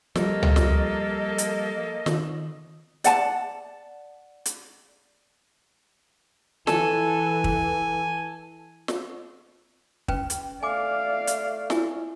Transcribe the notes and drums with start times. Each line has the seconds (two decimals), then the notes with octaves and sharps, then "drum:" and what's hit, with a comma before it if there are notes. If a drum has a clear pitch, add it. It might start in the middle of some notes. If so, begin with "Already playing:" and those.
0.15 F3 G3 A#3 A4 D#5, drum: snare
0.42 drum: tom C#2
0.56 drum: snare
1.38 drum: hi-hat
2.06 D#3, drum: snare
3.04 D5 F#5 A5, drum: hi-hat
4.45 drum: hi-hat
6.67 E3 A4 G#5, drum: snare
7.44 drum: kick
8.88 drum: snare
10.08 C#4 B4 G5, drum: kick
10.30 drum: hi-hat
10.63 A3 D5 F5 G#5 D6
11.27 drum: hi-hat
11.70 E4 G#5, drum: snare